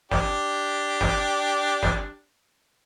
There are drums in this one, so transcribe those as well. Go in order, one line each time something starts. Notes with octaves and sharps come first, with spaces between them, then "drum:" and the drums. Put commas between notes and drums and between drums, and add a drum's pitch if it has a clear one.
D4 G4, drum: snare
drum: snare
drum: snare